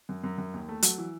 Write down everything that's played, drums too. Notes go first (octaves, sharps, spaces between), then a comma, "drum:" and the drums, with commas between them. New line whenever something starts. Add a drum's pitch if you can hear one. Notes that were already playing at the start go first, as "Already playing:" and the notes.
F#2
F#2
F#2
D#2
A3
F#3, drum: hi-hat
E3